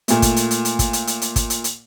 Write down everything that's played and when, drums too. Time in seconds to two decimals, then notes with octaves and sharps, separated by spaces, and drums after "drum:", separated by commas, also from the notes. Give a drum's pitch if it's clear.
0.08 A#2 A3, drum: hi-hat
0.22 drum: kick, hi-hat
0.36 drum: hi-hat
0.51 drum: hi-hat
0.65 drum: hi-hat
0.79 drum: kick, hi-hat
0.93 drum: hi-hat
1.07 drum: hi-hat
1.22 drum: hi-hat
1.36 drum: kick, hi-hat
1.50 drum: hi-hat
1.64 drum: hi-hat